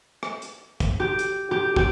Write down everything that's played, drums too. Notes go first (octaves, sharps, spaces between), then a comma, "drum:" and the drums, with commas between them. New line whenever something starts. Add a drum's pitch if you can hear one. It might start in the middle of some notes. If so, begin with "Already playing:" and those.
drum: rim click
drum: hi-hat
drum: kick, hi-hat
G4
drum: hi-hat
G4
G4, drum: kick